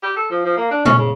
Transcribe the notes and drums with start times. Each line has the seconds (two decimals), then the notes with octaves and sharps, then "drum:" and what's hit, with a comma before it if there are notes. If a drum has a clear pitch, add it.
0.03 G4
0.16 A4
0.31 F3
0.45 F3
0.57 A#3
0.71 D4
0.85 C#4, drum: tom A#2
0.98 C#3